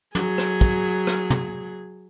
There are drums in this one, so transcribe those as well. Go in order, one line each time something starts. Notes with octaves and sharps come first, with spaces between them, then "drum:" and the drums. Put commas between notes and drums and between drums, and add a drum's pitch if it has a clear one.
F#3 G#4, drum: tom
drum: rim click
drum: kick
drum: rim click
drum: tom